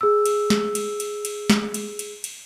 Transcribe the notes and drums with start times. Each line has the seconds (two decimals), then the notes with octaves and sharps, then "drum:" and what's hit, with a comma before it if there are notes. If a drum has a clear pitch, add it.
0.01 G#4 E6
0.26 drum: cymbal
0.50 drum: snare
0.75 drum: cymbal
1.00 drum: cymbal
1.25 drum: cymbal
1.50 drum: snare
1.74 drum: cymbal
1.99 drum: cymbal
2.24 drum: cymbal